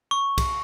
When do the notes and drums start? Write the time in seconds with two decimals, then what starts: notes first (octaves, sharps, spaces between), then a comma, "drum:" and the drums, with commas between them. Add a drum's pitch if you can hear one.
0.11 C#6
0.38 drum: kick B1, cymbal